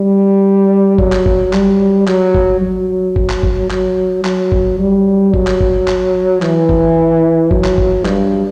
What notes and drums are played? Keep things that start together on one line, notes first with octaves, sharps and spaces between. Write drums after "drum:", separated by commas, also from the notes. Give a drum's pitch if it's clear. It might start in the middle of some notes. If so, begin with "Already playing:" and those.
Already playing: G3
F#3, drum: kick
drum: clap
drum: kick
G3, drum: clap
F#3, drum: clap
drum: kick
F#3
drum: kick
drum: clap
drum: kick
F#3, drum: clap
F#3, drum: clap
drum: kick
G3
F#3, drum: kick
drum: clap
drum: kick
drum: clap
E3, drum: clap
drum: kick
F#3, drum: kick
drum: clap
drum: kick
G2, drum: clap